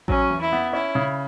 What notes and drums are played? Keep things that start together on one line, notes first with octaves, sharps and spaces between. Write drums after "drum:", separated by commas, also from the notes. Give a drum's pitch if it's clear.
F#3 C#4, drum: kick A1
E2
E4
B3
C#4 E4
C#3